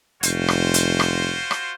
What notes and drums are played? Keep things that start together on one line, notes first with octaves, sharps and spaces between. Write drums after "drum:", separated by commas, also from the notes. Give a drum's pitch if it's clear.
F1 F4 F#4 C5, drum: hi-hat
drum: rim click
drum: hi-hat
drum: rim click
drum: rim click